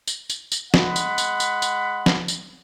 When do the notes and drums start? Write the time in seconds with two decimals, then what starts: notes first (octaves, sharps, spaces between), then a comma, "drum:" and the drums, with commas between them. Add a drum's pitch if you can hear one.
0.07 drum: tambourine
0.30 drum: tambourine
0.52 drum: tambourine
0.74 G#3 F#5 B5, drum: snare
0.96 drum: tambourine
1.18 drum: tambourine
1.40 drum: tambourine
1.62 drum: tambourine
2.06 drum: snare
2.28 drum: tambourine